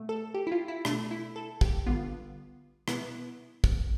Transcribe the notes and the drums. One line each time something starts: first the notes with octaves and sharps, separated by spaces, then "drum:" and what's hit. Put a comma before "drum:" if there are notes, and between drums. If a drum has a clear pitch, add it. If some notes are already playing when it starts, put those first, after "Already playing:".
Already playing: B2 A3
A4
G4
E4
F4
E4
B2 A3 D4, drum: rim click
E4
A4
G4, drum: kick
D3 G3 B3 F4
B2 B3 E4, drum: rim click
drum: kick